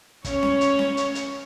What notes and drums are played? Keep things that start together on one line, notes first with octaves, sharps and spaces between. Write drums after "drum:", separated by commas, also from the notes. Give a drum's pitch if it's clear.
C#4 C#5, drum: kick, hi-hat
drum: snare C#4
drum: hi-hat
drum: snare C#4
drum: hi-hat
drum: hi-hat